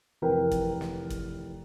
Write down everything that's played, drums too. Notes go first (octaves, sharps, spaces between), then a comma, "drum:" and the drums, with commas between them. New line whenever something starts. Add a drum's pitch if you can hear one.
F1 E3 A#4 B4 G5
drum: kick, hi-hat
drum: snare
drum: kick, hi-hat